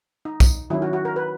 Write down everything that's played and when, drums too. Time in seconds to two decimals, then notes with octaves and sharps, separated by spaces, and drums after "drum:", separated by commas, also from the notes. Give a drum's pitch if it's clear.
0.25 D#4
0.40 drum: kick, tambourine
0.70 D#3 F#3 C#4 E4
0.82 F#4
0.93 F#4
1.05 A#4
1.16 B4